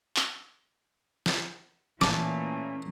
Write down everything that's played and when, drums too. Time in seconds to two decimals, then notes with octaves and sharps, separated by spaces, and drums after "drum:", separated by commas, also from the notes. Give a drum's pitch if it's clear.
0.16 drum: clap
1.26 drum: snare
2.01 A#2 E3 A3 C#4 A5 D6, drum: snare